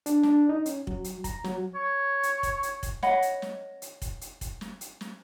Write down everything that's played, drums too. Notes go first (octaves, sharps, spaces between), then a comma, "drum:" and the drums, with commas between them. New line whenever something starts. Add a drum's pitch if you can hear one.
D4, drum: hi-hat
D4, drum: snare
D#4
C#4, drum: hi-hat
F#3, drum: kick
drum: hi-hat
A#5, drum: kick, hi-hat
F#3, drum: snare
C#5
drum: hi-hat
drum: kick, hi-hat
drum: hi-hat
drum: kick, hi-hat
C#5 D#5 F#5 B5, drum: snare
drum: hi-hat
drum: snare
drum: hi-hat
drum: kick, hi-hat
drum: hi-hat
drum: kick, hi-hat
drum: snare
drum: hi-hat
drum: snare